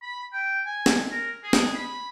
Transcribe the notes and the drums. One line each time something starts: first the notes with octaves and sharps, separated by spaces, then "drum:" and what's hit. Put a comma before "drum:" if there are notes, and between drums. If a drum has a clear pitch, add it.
B5
G5
G#5
drum: snare
A#4
G#4
drum: snare
B5